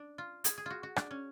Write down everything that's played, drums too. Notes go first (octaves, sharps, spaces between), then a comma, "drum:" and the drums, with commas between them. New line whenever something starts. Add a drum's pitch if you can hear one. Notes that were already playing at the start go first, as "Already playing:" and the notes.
Already playing: D4
F4
G#4, drum: hi-hat
G#4
F4 F#4
F#4
D4, drum: rim click
C#4